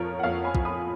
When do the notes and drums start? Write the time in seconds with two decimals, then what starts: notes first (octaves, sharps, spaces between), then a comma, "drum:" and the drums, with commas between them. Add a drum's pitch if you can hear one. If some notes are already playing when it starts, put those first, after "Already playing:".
Already playing: F2 F3 A#4 C#5
0.19 F#5
0.23 F2 C#5 F5
0.44 G#5 B5
0.55 F3, drum: kick
0.65 B5 D#6